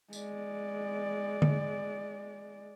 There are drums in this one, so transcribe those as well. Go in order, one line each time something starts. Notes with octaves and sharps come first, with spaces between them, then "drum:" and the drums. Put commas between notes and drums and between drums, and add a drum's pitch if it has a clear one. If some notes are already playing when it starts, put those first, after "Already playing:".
G#3 D5, drum: tambourine
drum: tom D3